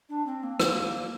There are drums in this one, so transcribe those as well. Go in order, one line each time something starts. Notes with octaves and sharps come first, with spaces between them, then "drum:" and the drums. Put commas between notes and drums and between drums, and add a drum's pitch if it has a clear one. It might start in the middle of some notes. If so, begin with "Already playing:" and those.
D4
C4
A#3
A#3, drum: rim click